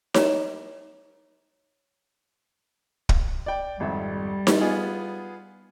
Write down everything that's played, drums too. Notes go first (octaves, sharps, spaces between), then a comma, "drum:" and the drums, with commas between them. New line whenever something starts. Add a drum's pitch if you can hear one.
C#5 A#5, drum: snare D#4
drum: kick
D5 G5
G#1 F2 G3 E5
drum: snare D#4
B3 F4 G#4